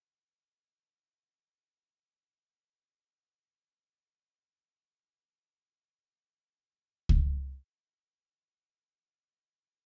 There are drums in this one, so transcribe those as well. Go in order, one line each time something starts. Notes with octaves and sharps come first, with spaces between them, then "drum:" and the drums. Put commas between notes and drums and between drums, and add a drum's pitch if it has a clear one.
F3 C4 D#4 A4 E6
C3
B4
D#4 F5
G#2
drum: kick C#2
F#4 G#4 A4 G#5